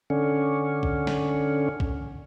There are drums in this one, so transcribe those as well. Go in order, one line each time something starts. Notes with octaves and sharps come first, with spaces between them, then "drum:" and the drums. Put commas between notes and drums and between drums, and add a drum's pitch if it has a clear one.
D3 C#4
drum: kick
drum: snare
drum: kick